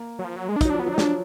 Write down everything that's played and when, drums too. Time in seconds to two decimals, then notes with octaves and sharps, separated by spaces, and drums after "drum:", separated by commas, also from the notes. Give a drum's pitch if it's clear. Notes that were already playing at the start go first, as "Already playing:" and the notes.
Already playing: A#3
0.19 F#3
0.24 F3
0.36 F#3
0.49 G#3
0.56 D4
0.61 D#4, drum: kick, hi-hat
0.65 F#3
0.70 F3 D4
0.80 B3
0.86 F#3 D4
0.94 D#4
0.98 F3 D4, drum: snare